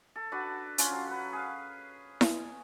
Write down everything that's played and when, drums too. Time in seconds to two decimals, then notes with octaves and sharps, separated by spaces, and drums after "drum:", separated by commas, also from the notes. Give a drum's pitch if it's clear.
0.16 A4
0.32 D4 F#4 B4 F#5
0.78 C#4 F4 F5, drum: hi-hat
0.91 F#3
1.07 B4 F#5
1.33 G#4 F5
2.21 drum: snare E4